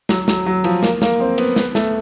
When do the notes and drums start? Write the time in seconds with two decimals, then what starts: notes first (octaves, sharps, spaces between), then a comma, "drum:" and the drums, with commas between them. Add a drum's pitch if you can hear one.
0.09 F#3, drum: snare
0.28 F#3, drum: snare
0.46 F#3
0.64 F3, drum: cymbal
0.83 A#3, drum: snare
1.02 A#3, drum: snare
1.20 C4
1.38 B3, drum: cymbal
1.56 B3, drum: snare
1.75 A3, drum: snare